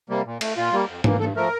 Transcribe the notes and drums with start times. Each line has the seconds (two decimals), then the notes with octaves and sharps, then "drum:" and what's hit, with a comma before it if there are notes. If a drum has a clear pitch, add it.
0.09 C3 G3 A#3
0.25 A#2
0.41 A3, drum: cymbal
0.57 A#2 F4
0.72 G3 A#3
0.88 F2
1.04 E3 A#3, drum: tom
1.20 G2 A4
1.36 F3 A3 A#4